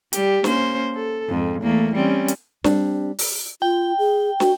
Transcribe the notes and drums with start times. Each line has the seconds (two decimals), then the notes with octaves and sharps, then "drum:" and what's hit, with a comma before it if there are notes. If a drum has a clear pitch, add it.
0.13 G3 G4, drum: hi-hat
0.44 A#3 C#4 C5, drum: snare
0.95 A4
1.29 F2 G#2
1.63 E2 A3 A#3
1.94 G3 C4 C#4
2.28 drum: hi-hat
2.64 G3 C4 D4, drum: snare
3.19 drum: open hi-hat
3.62 F4 G5
3.98 G#4
4.40 F#4, drum: snare